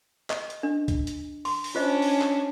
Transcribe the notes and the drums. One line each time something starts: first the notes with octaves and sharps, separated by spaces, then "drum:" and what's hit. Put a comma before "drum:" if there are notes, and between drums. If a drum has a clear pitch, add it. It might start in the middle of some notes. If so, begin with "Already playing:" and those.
D#5, drum: clap
drum: hi-hat
D4
drum: kick, hi-hat
drum: hi-hat
C6, drum: open hi-hat
drum: open hi-hat
C#4 D4 F4 C5 D#5
drum: open hi-hat
drum: clap